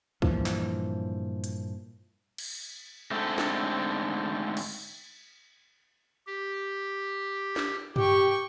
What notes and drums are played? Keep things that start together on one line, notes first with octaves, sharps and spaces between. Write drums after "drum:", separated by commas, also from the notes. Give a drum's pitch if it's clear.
G2 A#2 E3 F3, drum: kick
drum: clap
drum: hi-hat
drum: cymbal
G#2 D3 A3 C4 A4
drum: snare
drum: cymbal
G4
drum: snare
G4 G5 C#6, drum: tom G2